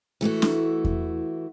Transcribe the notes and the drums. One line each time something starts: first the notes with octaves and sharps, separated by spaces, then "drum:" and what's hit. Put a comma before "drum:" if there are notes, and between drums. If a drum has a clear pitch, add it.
E3 A3 E4 F#4
drum: snare
drum: kick E2